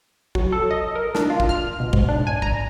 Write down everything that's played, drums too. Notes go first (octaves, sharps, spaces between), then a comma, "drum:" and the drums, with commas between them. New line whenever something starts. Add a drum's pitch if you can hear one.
F#3, drum: kick
A4
D#5
A#4
D4, drum: snare
F4
drum: kick
F6
B2
G#2, drum: kick
D4
G#5
A#5, drum: kick